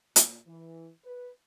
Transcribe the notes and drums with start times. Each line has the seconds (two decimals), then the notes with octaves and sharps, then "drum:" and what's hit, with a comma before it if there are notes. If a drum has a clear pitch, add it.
0.16 A#2, drum: hi-hat
0.46 E3
1.05 B4